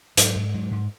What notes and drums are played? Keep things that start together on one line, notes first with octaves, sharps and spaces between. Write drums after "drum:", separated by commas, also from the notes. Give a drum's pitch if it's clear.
G#2 F#3, drum: hi-hat
G#2
G#2 F#3
G#2